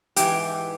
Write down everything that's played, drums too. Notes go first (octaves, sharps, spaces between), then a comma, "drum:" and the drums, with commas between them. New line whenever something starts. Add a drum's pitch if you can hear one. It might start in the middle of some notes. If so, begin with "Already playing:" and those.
G#2 E3 G4, drum: hi-hat